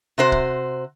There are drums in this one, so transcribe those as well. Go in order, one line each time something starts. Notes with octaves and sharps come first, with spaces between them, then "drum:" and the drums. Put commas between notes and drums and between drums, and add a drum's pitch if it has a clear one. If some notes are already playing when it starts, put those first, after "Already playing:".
C3 F#4 C5
drum: kick